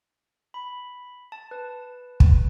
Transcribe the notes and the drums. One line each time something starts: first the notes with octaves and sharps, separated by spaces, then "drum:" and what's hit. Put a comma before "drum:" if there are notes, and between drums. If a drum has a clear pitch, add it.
B5
A5
B4
drum: kick